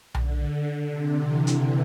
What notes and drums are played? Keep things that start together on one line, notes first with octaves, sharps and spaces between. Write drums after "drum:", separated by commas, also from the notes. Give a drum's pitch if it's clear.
D3, drum: tom B1
C3
E3
drum: hi-hat